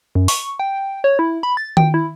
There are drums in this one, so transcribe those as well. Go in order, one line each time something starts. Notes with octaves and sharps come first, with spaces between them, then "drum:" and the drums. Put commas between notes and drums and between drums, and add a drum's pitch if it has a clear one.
F#2
C#6, drum: open hi-hat
G5
C#5
E4
B5
A6
G5, drum: tom D#3
E4